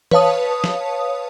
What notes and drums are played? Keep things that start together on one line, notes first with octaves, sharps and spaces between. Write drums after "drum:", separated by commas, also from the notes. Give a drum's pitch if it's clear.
B4 C#5 F5 A5 D#6, drum: tom E3
drum: snare